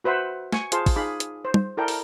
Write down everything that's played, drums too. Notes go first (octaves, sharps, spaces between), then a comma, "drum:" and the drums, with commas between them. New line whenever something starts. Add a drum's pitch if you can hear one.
F#4 B4 C5 E5 F#5
G#5 C#6, drum: snare
F4 G#4 C5 F5 A5 C6, drum: hi-hat
drum: kick, open hi-hat
D#4 G#4 F5 B5 D6
drum: hi-hat
C5
drum: tom
E4 A4 A#4 D5 G5
drum: open hi-hat